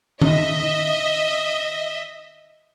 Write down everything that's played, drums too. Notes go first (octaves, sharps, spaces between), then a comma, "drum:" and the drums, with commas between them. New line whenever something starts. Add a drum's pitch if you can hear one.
D#5 E5, drum: tom D#3